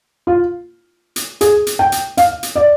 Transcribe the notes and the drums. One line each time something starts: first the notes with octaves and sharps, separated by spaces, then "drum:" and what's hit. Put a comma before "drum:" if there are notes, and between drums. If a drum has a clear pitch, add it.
F4
drum: hi-hat
G#4, drum: hi-hat
drum: hi-hat
G5
drum: hi-hat
F5, drum: hi-hat
drum: hi-hat
D5